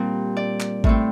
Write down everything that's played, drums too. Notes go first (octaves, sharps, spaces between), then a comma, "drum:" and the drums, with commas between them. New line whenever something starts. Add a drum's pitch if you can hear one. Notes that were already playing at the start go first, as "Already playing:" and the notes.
Already playing: A#2 G3 C4
D5
drum: clap
A2 A3 C4, drum: kick G#1